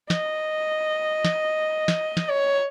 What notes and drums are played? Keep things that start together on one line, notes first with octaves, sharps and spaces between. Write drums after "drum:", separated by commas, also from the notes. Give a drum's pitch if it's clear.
D#5, drum: snare
drum: snare
drum: snare
drum: snare
C#5